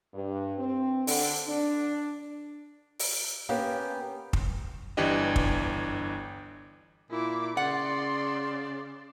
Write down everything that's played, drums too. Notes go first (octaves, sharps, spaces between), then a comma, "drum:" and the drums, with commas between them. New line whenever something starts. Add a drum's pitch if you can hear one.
G2
C4
D3, drum: open hi-hat
D4
drum: open hi-hat
A#3 B3 C#4 G4
drum: kick
G1 E3 D4 G4 D#5
drum: kick
A#2 E4 D6
C#3 D5 F#5 C6